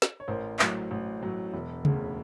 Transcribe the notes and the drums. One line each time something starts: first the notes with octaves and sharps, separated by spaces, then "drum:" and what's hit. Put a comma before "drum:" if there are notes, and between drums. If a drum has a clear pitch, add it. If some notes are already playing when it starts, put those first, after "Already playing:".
drum: snare
C#5
A1 A#4 C5
A2 F#3, drum: clap
A1
A2 F#3
E1
D2 C#3, drum: tom C#3